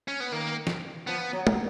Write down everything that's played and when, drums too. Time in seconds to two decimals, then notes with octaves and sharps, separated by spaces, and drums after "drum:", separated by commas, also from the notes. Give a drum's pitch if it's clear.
0.08 C#4
0.20 B3
0.32 D#3 A#3
0.67 drum: snare
1.07 F3 B3
1.33 F#3
1.47 drum: tom